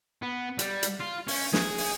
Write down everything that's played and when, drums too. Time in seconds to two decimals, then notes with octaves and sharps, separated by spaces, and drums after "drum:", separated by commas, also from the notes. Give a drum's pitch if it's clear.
0.22 B3
0.59 G3, drum: hi-hat
0.83 drum: hi-hat
1.01 F4
1.28 C#4, drum: open hi-hat
1.53 G#4, drum: snare
1.78 drum: open hi-hat